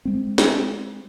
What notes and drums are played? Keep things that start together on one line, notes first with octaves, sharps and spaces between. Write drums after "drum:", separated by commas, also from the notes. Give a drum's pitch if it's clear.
G#3 C4
drum: snare